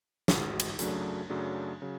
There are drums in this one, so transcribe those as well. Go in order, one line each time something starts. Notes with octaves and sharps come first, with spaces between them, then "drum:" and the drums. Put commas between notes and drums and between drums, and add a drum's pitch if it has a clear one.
A1 G#2 G#3, drum: snare
drum: cymbal
F#2 C#3 F#3 A3 D4, drum: hi-hat
F#2 C#3 F#3 A3 D4
C#3 F#3